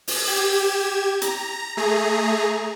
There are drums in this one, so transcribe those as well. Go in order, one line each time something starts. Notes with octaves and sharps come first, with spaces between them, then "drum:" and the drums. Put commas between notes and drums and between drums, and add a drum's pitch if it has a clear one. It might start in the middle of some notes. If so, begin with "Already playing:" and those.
drum: open hi-hat
G4 G#6 E7
A#5, drum: hi-hat
A3 G#4 A#5